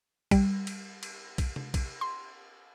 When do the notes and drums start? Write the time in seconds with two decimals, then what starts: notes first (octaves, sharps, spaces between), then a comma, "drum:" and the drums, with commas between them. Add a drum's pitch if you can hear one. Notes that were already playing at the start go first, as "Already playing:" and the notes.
0.31 G3, drum: kick, cymbal
0.67 drum: cymbal
1.03 drum: cymbal
1.38 drum: kick, cymbal
1.56 drum: tom C3
1.74 drum: kick, cymbal
2.01 C6